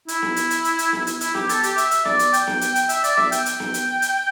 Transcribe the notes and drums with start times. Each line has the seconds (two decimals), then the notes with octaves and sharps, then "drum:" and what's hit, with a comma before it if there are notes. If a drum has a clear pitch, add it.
0.08 E4, drum: hi-hat
0.22 drum: snare B3
0.36 drum: hi-hat
0.50 drum: hi-hat
0.65 drum: hi-hat
0.79 drum: hi-hat
0.93 drum: snare B3
1.07 drum: hi-hat
1.21 E4, drum: hi-hat
1.35 G4, drum: snare B3
1.49 A4, drum: hi-hat
1.63 G4, drum: hi-hat
1.78 E5, drum: hi-hat
1.91 drum: hi-hat
2.05 D5, drum: snare B3
2.19 drum: hi-hat
2.33 G5, drum: hi-hat
2.47 drum: snare B3
2.61 drum: hi-hat
2.75 drum: hi-hat
2.89 E5, drum: hi-hat
3.04 D5, drum: hi-hat
3.17 E5, drum: snare B3
3.32 G5, drum: hi-hat
3.46 drum: hi-hat
3.60 drum: snare B3
3.74 drum: hi-hat
4.02 drum: hi-hat